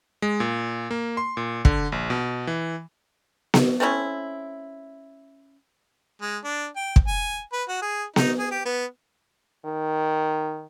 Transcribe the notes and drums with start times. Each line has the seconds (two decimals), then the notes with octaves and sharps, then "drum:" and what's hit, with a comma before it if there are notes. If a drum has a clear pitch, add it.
0.22 G#3
0.40 A#2
0.91 A#3
1.17 C6
1.37 A#2
1.65 D3, drum: kick
1.92 A#1
2.10 B2
2.47 E3
3.54 drum: snare B3
3.80 A3 C4 C#4 E4
6.21 G#3
6.44 D4
6.76 G5
6.96 drum: kick
7.07 G#5
7.53 B4
7.68 F#4
7.82 G#4
8.16 D#4, drum: snare B3
8.39 G#4
8.51 G4
8.65 B3
9.65 D#3